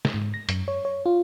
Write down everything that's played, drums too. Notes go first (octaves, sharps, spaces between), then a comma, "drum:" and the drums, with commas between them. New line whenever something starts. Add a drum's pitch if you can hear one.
drum: snare
G#2
A#6
F#2, drum: hi-hat
C#5
C#5
F4